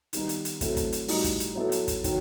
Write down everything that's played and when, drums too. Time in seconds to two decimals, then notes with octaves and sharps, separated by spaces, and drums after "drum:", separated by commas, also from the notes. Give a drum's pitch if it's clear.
0.13 D#3 G3 B3 D#4, drum: hi-hat
0.29 drum: hi-hat
0.45 drum: hi-hat
0.61 F#3 A3 C4 E4 A4, drum: kick, hi-hat
0.77 drum: kick, hi-hat
0.92 drum: hi-hat
1.08 A2 G3 D#4 F#4, drum: open hi-hat
1.24 drum: kick, hi-hat
1.40 drum: hi-hat
1.55 F#3 B3 E4 A4
1.72 drum: hi-hat
1.88 drum: kick, hi-hat
2.04 D#3 F#3, drum: kick, hi-hat